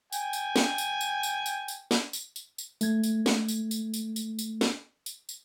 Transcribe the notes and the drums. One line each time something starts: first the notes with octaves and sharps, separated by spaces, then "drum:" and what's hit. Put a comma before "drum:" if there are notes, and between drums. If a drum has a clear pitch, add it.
G5 G#5, drum: tambourine
drum: tambourine
drum: snare
drum: tambourine
drum: tambourine
drum: tambourine
drum: tambourine
drum: tambourine
drum: snare
drum: tambourine
drum: tambourine
drum: tambourine
A3 G#6, drum: tambourine
drum: tambourine
drum: snare
drum: tambourine
drum: tambourine
drum: tambourine
drum: tambourine
drum: tambourine
drum: snare
drum: tambourine
drum: tambourine